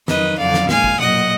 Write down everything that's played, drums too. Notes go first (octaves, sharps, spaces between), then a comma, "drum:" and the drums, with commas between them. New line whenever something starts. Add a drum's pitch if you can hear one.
F2 D#3 F#3 B4 D#5, drum: snare
F2 D3 F#3 D5 F5
drum: snare
A#2 G#3 F5 G#5, drum: snare
drum: kick
A#2 F#3 D#5 F#5, drum: tom B2